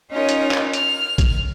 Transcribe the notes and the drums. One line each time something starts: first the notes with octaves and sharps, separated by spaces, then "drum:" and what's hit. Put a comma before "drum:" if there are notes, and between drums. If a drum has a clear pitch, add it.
C#4 D#4 F4 A#4 C#5
drum: hi-hat
drum: clap
F6, drum: hi-hat
drum: kick, hi-hat